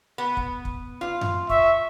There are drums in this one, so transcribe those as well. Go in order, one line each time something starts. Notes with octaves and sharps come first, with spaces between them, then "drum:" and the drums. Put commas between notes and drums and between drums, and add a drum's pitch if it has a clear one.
B3
drum: kick
drum: kick
F4
drum: tom F#2
E5 C#6, drum: kick